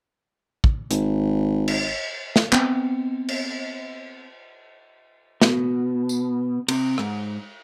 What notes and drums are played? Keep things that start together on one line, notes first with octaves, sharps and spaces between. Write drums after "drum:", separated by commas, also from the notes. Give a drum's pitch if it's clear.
drum: kick
G#1, drum: hi-hat
drum: cymbal
drum: snare
B3 C4, drum: clap
drum: cymbal
B2, drum: snare
drum: tambourine
C3, drum: cymbal
G#2, drum: rim click